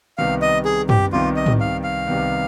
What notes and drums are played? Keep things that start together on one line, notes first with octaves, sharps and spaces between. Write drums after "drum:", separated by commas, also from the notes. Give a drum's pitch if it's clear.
C2 C3 D#3 B3 F5
D#5
G#4
G4, drum: tom
C2 C3 D#3 B3 F4
D#5
drum: tom
F5
F5
C2 C3 D#3 B3